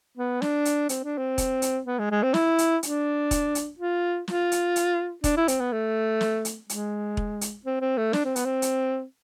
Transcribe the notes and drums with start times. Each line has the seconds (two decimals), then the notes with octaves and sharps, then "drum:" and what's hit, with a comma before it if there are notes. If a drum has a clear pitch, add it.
0.17 B3
0.42 D4, drum: snare
0.65 drum: hi-hat
0.89 C4, drum: hi-hat
1.04 D4
1.18 C4
1.38 drum: kick E1, hi-hat
1.62 drum: hi-hat
1.86 B3
1.99 G#3
2.11 G#3
2.23 C4
2.34 E4, drum: snare
2.58 drum: hi-hat
2.83 D4, drum: hi-hat
3.31 drum: kick E1, hi-hat
3.55 drum: hi-hat
3.79 F4
4.28 F4, drum: snare
4.52 drum: hi-hat
4.76 drum: hi-hat
5.24 D4, drum: kick E1, hi-hat
5.37 E4
5.48 C4, drum: hi-hat
5.60 B3
5.72 A3
6.21 drum: snare
6.45 drum: hi-hat
6.69 G#3, drum: hi-hat
7.17 drum: kick E1
7.41 drum: hi-hat
7.65 C4
7.81 C4
7.98 A3
8.13 D4, drum: snare
8.25 C4
8.36 B3, drum: hi-hat
8.45 C4
8.62 drum: hi-hat